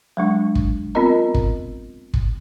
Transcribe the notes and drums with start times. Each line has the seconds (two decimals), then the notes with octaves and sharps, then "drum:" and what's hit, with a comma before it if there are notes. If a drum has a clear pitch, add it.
0.17 F#3 G#3 D4
0.55 drum: kick
0.95 B3 C4 F4 A#4 D#5 A#5
1.34 drum: kick
2.14 drum: kick